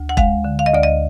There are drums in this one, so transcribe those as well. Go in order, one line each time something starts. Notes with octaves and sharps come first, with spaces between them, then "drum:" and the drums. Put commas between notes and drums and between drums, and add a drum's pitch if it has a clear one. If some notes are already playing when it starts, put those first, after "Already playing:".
Already playing: D2
F#5
G#3 F5, drum: kick E1
D3
F5
D#5
D2 D5
D#5